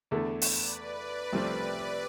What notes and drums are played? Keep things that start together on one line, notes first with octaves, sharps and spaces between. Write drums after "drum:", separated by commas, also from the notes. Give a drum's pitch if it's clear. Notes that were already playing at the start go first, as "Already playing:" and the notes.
E2 D3 A3 E4 G4 A4
B4 D5, drum: open hi-hat
C2 C3 F3 A3 C4